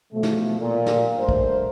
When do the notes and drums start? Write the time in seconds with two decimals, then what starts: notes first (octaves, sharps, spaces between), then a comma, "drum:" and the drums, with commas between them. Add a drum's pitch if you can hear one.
0.13 B2 E3 F3 A3
0.23 drum: snare
0.59 A#2
0.86 drum: snare
1.19 G2 A3 A#4 C5
1.29 drum: kick